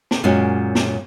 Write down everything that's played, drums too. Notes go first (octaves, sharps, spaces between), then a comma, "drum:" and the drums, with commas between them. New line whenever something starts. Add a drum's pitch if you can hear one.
drum: snare
F#2 A#2 G#3 C#4 F#4
drum: snare